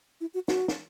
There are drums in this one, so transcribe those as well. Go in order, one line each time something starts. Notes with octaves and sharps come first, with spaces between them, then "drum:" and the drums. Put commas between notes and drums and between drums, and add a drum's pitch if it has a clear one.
E4
F#4
F#4, drum: snare
drum: snare